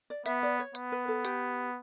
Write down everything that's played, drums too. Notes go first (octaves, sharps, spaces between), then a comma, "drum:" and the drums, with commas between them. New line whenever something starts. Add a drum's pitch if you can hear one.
D5
B3 E5, drum: hi-hat
D5
C#5
B3, drum: hi-hat
B4
A4
G4, drum: hi-hat